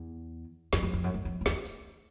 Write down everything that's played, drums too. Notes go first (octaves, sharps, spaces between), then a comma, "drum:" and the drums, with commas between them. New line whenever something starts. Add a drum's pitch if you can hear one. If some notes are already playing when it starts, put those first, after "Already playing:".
Already playing: E2
F2, drum: snare
F2
F2
F#2
F#2
F2
F2
E2, drum: snare
drum: tambourine